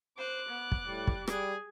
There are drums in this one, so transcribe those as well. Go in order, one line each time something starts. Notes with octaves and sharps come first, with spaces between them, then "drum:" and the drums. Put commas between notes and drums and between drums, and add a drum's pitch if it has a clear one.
C5 D6 F#6
B3
drum: kick
A2 G3
drum: kick
G3 G#4, drum: rim click